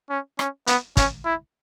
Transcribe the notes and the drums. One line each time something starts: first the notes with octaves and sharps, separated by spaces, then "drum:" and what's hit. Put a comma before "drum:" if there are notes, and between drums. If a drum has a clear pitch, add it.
C#4
C#4, drum: rim click
B3, drum: hi-hat
C#4, drum: kick, hi-hat
E4